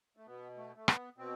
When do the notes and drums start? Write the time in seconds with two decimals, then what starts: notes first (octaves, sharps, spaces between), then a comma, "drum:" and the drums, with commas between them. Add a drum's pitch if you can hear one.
0.17 A3
0.27 B2 B3
0.57 A3
0.76 A3
0.88 B3, drum: rim click
1.18 B2 C4